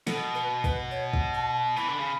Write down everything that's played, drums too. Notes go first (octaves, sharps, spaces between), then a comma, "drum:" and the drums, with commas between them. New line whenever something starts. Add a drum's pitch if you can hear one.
B2 A4, drum: snare
B4
B4, drum: kick
C#5
drum: kick
A5
E3 B5
D3
C#3